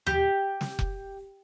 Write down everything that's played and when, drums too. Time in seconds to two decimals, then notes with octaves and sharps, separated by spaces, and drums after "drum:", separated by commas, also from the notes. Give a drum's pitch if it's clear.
0.07 G4, drum: tom D#2
0.61 drum: snare
0.79 drum: kick F1